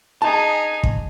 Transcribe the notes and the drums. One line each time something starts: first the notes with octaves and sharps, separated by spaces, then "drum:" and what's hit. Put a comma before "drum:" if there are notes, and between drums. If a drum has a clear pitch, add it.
D#4 G#4 A5
drum: kick